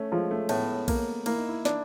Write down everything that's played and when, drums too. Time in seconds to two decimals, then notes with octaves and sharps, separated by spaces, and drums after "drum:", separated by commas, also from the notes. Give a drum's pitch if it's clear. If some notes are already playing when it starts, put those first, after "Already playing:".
Already playing: A3 C#4
0.12 F3 G#3
0.31 A3
0.49 A2 B3, drum: cymbal
0.88 A#3, drum: kick B1, cymbal
1.26 A#3 E4, drum: cymbal
1.38 D#4
1.49 E4
1.65 D4, drum: snare